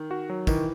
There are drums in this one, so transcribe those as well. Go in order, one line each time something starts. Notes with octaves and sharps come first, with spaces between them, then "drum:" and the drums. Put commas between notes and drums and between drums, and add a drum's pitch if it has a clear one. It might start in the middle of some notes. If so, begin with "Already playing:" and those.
Already playing: D#3
F#4
F#3
D#3 E3, drum: kick, tambourine